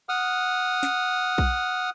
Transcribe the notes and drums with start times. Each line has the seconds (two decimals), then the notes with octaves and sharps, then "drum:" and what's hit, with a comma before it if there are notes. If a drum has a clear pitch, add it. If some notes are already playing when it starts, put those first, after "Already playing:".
0.09 F#5 D#6 F6
0.83 drum: snare
1.38 drum: kick B1